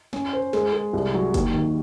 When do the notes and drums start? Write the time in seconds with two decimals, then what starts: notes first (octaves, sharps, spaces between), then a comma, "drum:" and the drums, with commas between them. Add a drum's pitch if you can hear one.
0.13 C#4, drum: snare
0.33 C5
0.53 G#3, drum: snare
0.73 G#3
0.93 C2
1.14 F#3
1.34 D#2, drum: kick F#1, hi-hat
1.54 D#3